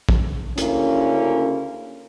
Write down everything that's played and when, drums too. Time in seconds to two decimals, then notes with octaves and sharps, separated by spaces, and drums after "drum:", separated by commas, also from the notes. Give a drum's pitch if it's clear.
0.09 drum: kick
0.58 D2 C#3 A#3 C#4 E4, drum: hi-hat